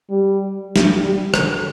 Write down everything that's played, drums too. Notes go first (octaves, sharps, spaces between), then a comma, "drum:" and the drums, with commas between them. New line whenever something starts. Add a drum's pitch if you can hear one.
G3
drum: snare
G3
D3, drum: rim click